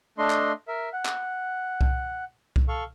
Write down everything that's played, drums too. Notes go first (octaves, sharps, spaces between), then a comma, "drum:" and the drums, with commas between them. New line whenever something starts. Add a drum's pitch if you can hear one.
A3 D4 D#5 C6
drum: clap
A#4 E5
F#5
drum: clap
drum: kick C2
drum: kick C2
A4 F5 C#6